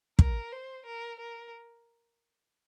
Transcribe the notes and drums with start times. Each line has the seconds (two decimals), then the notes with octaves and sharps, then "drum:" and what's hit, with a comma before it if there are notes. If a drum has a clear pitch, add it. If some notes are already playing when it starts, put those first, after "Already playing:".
0.19 A#4, drum: kick
0.52 C5
0.86 A#4
1.20 A#4